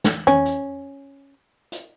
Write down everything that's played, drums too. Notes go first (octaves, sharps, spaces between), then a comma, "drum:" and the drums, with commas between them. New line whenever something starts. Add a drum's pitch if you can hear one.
drum: snare
C#4, drum: tom
drum: hi-hat
drum: hi-hat